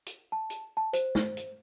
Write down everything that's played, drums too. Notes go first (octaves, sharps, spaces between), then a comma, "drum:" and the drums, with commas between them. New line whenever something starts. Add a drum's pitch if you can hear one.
drum: hi-hat
A5
drum: hi-hat
A5
C5, drum: hi-hat
drum: snare
drum: hi-hat